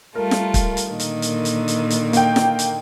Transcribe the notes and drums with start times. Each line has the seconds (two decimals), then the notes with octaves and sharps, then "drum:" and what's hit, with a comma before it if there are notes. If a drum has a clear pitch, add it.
0.15 G3 A3 F4 A#4
0.31 drum: snare
0.54 drum: kick, hi-hat
0.77 drum: hi-hat
0.89 A#2 D3 D#3
1.00 drum: hi-hat
1.22 drum: hi-hat
1.45 drum: hi-hat
1.68 drum: hi-hat
1.90 drum: hi-hat
2.13 A#3 G5, drum: hi-hat
2.36 drum: snare
2.59 drum: hi-hat